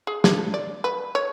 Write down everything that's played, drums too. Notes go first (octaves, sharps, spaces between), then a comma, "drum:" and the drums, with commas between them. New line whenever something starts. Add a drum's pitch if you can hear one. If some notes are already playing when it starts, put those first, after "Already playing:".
G#4
D4, drum: snare
D5
B4
C#5